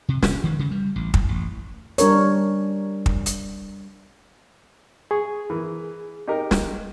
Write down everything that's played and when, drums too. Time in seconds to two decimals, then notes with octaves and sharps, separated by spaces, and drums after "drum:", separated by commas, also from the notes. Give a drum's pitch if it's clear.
0.09 C3
0.22 C#4, drum: snare
0.44 D#3
0.59 C#3
0.71 G3
0.96 A1
1.14 F#2, drum: kick
1.29 A1
1.98 G3 D4 A#4 C#5, drum: hi-hat
3.06 drum: kick
3.26 drum: hi-hat
5.11 G#4 C#6
5.50 E3 A#4
6.27 D#4 G4 A#4
6.51 drum: snare